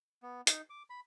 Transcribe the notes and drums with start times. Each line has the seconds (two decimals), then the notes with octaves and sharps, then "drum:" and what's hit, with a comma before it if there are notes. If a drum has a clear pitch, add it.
0.23 B3
0.47 D#4, drum: hi-hat
0.70 D6
0.90 B5